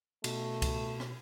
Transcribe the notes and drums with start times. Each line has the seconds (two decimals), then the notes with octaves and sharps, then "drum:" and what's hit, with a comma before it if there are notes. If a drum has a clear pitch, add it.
0.24 B2 A3, drum: cymbal
0.62 drum: kick C#2, cymbal
1.00 drum: rim click